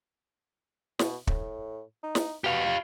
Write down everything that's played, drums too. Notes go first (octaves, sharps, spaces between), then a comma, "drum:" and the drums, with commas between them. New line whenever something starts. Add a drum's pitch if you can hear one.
B2, drum: snare
A2, drum: kick
D#4
drum: snare
B2 G4 F5
F4